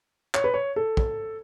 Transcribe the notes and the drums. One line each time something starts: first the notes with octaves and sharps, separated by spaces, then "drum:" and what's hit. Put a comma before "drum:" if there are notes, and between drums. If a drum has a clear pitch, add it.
C#5, drum: clap
B4
C#5
A4
drum: kick